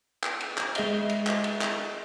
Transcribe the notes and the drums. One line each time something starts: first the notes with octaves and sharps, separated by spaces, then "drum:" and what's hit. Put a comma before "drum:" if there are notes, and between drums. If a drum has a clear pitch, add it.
drum: clap
drum: cymbal
drum: clap
G#3 G#4 D#5 E5 G7, drum: cymbal
drum: cymbal
drum: clap
drum: cymbal
drum: clap